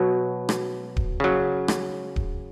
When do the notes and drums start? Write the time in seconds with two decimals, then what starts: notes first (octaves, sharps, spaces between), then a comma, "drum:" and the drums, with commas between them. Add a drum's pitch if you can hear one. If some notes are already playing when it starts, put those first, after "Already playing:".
Already playing: B2 F#3
0.49 drum: rim click
0.97 drum: kick D1
1.20 C#3 F#3
1.68 drum: rim click
2.16 drum: kick D1